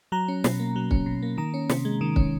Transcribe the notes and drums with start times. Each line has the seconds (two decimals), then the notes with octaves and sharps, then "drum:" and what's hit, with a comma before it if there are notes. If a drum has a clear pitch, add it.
0.12 F#3 A#5
0.28 C#4
0.44 B2, drum: snare
0.59 A#3
0.76 F#3
0.91 C#4, drum: kick
1.06 B2
1.22 A#3
1.38 D#3 A#5
1.54 C#4
1.69 C3, drum: snare
1.85 G#3
2.01 D#3
2.16 C#4, drum: kick